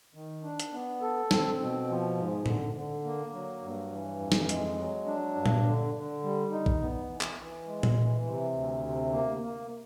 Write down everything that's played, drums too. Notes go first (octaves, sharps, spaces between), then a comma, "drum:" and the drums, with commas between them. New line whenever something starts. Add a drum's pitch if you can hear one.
D#3
D4
drum: hi-hat
B3
A4
C4, drum: snare
B2
F3
G#2
D3, drum: tom A2
D3
A#3
F#3
G2
E3
F2
drum: snare
G#3, drum: hi-hat
F#3
D4
G2
drum: tom A#2
D3
D3
G3
D#4
drum: kick
B3
E3
drum: clap
E3
G#3
drum: tom A#2
E3
C3
D2
C3
A#3
A#3